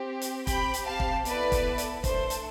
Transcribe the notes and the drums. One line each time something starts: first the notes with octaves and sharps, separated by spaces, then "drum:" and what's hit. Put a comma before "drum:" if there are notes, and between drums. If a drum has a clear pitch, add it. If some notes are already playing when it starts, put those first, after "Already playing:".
Already playing: C4 G4
drum: hi-hat
C4 G4 G5 B5, drum: kick, hi-hat
drum: hi-hat
F5 A5
drum: kick
B3 E4 A4 B4 D5, drum: hi-hat
drum: kick, hi-hat
drum: hi-hat
A3 D4 A4 C5, drum: kick, hi-hat
drum: hi-hat